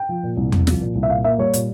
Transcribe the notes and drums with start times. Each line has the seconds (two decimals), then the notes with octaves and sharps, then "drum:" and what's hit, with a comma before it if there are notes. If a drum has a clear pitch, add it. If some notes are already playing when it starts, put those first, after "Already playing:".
Already playing: G5
0.09 F3
0.23 A#2
0.37 C2
0.52 C2, drum: tom E2
0.67 F3, drum: snare
0.81 A#2
0.95 C2
1.03 E5
1.09 A#2 F5
1.24 A#3 E5
1.38 G3 C#5
1.53 A#2, drum: hi-hat